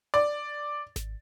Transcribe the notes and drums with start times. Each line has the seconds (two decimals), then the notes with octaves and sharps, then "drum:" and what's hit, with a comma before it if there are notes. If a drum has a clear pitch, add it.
0.14 D5
0.96 drum: snare G#1